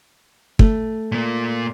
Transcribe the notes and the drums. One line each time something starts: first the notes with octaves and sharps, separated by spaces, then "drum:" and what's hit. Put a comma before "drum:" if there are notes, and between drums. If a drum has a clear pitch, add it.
A3, drum: kick
A#2 A#3